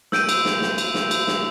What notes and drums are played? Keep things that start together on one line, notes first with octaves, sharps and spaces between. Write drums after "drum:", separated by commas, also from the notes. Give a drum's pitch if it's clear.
E6 G6 D7 D#7, drum: snare
drum: cymbal
drum: snare
drum: snare
drum: cymbal
drum: snare
drum: cymbal
drum: snare